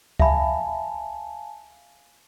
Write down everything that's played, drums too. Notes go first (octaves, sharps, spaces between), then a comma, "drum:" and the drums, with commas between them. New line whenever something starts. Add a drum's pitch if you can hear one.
E5 F5 G#5 A5 B5, drum: kick C#2